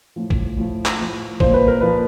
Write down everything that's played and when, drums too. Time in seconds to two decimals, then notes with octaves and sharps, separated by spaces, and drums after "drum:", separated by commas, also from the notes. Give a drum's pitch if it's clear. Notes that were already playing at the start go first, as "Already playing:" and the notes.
0.16 A2 F3
0.30 drum: kick
0.57 A2 F3
0.85 drum: clap
0.99 A2 F3
1.40 A#2 F3 C5, drum: kick
1.54 B4
1.68 A#4
1.81 A#2 F3 B4